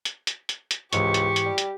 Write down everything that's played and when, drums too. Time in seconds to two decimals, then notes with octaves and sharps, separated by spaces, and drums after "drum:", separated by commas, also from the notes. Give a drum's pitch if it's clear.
0.05 drum: hi-hat
0.27 drum: hi-hat
0.49 drum: hi-hat
0.71 drum: hi-hat
0.93 C#2 G#2 E3 G4 C#6, drum: hi-hat
1.14 drum: hi-hat
1.36 drum: hi-hat
1.46 G3
1.58 drum: hi-hat